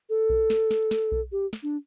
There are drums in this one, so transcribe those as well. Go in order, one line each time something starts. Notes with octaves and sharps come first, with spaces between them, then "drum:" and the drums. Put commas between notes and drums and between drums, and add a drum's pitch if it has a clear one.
A4
drum: kick B1
drum: snare
drum: snare
drum: snare
drum: kick B1
G4
drum: snare
D4